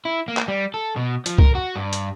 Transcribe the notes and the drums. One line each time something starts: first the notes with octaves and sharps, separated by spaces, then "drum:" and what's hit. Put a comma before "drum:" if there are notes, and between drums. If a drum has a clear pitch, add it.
E4
A#3
drum: clap
G3
A4
B2
F3, drum: hi-hat
A#4, drum: kick
F#4
G2
drum: hi-hat